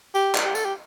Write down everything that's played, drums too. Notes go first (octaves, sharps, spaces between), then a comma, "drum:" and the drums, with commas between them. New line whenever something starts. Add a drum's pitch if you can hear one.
G4, drum: tambourine
drum: clap
G4
A4, drum: tambourine
G4